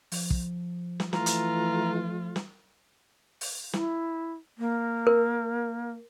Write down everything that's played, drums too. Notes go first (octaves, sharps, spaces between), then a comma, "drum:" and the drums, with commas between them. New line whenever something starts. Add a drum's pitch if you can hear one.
F3, drum: open hi-hat
drum: kick
drum: snare
E3 A3 F4 A#5, drum: snare
drum: hi-hat
drum: snare
drum: open hi-hat
E4, drum: snare
A#3
A#4